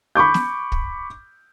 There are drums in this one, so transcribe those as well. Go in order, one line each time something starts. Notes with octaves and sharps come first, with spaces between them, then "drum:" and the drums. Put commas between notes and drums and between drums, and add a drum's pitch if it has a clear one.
B5 C#6 D6 G6
drum: snare
drum: kick